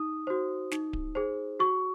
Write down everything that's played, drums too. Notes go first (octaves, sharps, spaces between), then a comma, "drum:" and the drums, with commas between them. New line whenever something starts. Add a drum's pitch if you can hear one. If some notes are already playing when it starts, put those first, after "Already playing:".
Already playing: D#4 D#6
F#4 C5
D#4, drum: snare
drum: kick D1
G#4 C5
F#4 C#6